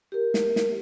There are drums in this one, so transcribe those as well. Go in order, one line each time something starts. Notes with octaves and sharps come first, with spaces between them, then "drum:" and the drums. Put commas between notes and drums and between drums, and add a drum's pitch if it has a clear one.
G4 A#4
drum: snare
drum: snare